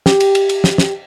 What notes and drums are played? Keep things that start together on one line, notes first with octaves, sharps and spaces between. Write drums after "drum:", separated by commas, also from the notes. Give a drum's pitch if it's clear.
G4, drum: snare
drum: cymbal
drum: cymbal
drum: cymbal
drum: snare
drum: snare